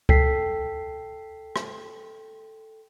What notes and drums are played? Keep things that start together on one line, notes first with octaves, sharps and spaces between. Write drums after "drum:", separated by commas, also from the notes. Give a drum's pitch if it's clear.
A4 G5 B6 C7, drum: kick C#2
drum: rim click